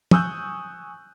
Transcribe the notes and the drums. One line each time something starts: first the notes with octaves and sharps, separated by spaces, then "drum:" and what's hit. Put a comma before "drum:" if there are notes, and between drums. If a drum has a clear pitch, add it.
G#5 C#6 D#6 E6 F#6 G6, drum: tom